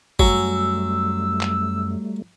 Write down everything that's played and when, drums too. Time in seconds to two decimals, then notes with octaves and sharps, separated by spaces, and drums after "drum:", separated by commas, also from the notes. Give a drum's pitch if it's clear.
0.19 F#2 F#3 G3 A3 G#5 E6, drum: kick G1
1.41 drum: clap